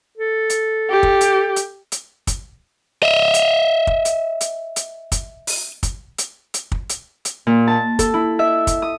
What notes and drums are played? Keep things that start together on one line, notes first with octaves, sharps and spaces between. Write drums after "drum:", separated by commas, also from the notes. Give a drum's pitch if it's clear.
A4
drum: hi-hat
G4
drum: kick
drum: hi-hat
drum: hi-hat
drum: hi-hat
drum: kick, hi-hat
D#5 E5
drum: hi-hat
drum: kick
drum: hi-hat
drum: hi-hat
drum: hi-hat
drum: kick, hi-hat
drum: open hi-hat
drum: kick, hi-hat
drum: hi-hat
drum: hi-hat
drum: kick
drum: hi-hat
drum: hi-hat
A#2
A5
A4, drum: kick, hi-hat
E4
E5
drum: kick, hi-hat
D#6